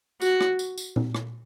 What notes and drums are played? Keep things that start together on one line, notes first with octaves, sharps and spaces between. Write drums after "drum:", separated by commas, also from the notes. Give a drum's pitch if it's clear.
F#4, drum: tambourine
drum: rim click
drum: tambourine
drum: tambourine
drum: tom A#2
drum: rim click